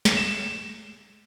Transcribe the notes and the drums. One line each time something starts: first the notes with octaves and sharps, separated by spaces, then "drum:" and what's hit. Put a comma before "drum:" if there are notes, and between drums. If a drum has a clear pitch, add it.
drum: snare
E7